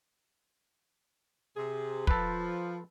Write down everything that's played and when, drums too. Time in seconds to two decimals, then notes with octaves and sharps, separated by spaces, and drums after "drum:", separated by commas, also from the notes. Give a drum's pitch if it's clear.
1.56 C3 G#4
2.07 F3 A4 B4, drum: kick